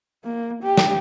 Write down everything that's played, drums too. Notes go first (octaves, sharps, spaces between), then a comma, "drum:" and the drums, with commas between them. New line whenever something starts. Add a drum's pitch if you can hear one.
A#3
G4
drum: snare